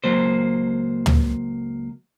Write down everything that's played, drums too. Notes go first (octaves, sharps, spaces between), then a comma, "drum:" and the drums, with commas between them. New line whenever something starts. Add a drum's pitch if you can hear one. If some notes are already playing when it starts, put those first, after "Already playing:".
C#2 F#3 A#3 C5
drum: tom